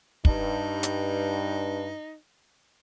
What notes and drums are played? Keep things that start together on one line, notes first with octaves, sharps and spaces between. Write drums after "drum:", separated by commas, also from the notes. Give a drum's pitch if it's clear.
G2 D#4, drum: kick
drum: hi-hat